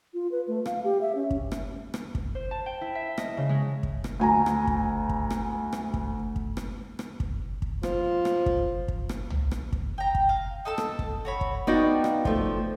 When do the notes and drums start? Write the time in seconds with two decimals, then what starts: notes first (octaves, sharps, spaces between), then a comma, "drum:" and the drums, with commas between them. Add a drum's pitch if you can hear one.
0.14 F4
0.31 B4
0.48 A3
0.66 F5, drum: rim click
0.84 G4
1.01 E5
1.15 C#4
1.31 drum: kick
1.52 drum: rim click
1.94 drum: rim click
2.15 drum: kick
2.35 C5
2.51 A5
2.66 G5
2.81 E4
2.95 E5
3.18 D#5, drum: rim click
3.37 C#3
3.49 G#3
3.83 drum: kick
4.04 drum: rim click
4.19 D2 G#5 A#5
4.46 drum: rim click
4.67 drum: kick
5.09 drum: kick
5.30 drum: rim click
5.73 drum: rim click
5.94 drum: kick
6.36 drum: kick
6.57 drum: rim click
6.99 drum: rim click
7.20 drum: kick
7.62 drum: kick
7.83 F3, drum: rim click
8.25 drum: rim click
8.46 drum: kick
8.88 drum: kick
9.09 drum: rim click
9.30 drum: tom
9.51 drum: rim click
9.73 drum: kick
9.98 G5 A#5
10.15 drum: kick
10.29 F5
10.65 D#4 A4 E6
10.78 drum: rim click
10.99 drum: kick
11.25 F#4 C#5 B5
11.41 drum: kick
11.67 B3 D#4 F#4 D5 F5 G5
12.04 drum: rim click
12.25 F3 A3, drum: kick